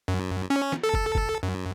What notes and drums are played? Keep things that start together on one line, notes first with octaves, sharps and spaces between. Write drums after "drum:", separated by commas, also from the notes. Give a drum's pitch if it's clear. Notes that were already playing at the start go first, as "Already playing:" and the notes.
F#2
C#4
drum: snare
A4
drum: kick
drum: kick
F#2